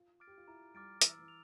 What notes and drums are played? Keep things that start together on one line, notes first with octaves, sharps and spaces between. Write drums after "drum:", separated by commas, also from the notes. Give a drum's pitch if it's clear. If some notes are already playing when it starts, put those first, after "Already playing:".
Already playing: F4
D6 F6 A6 D7
G4
F4
E4 A#5
G3 D6 F6 A6 D7
E3 E6, drum: hi-hat
E3
F7